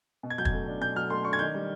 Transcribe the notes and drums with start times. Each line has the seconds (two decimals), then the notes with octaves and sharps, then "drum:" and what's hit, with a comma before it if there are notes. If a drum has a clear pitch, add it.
0.23 B2
0.30 G#6
0.38 F#3 G6
0.45 G#6, drum: kick
0.53 A3
0.67 D4
0.81 B2 G6
0.96 F#3 F6
1.10 A3 C6
1.25 D4 C#6
1.33 G#6
1.39 D#3 G6
1.54 G3